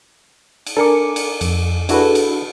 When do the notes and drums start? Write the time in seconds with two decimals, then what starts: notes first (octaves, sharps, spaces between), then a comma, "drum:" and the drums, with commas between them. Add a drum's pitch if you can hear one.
0.66 drum: cymbal
0.77 D4 A4 A#4 G#5 D6 C#7
1.16 drum: cymbal
1.41 F2, drum: cymbal
1.89 D4 E4 F#4 G#4 A4 B4, drum: cymbal
2.15 drum: cymbal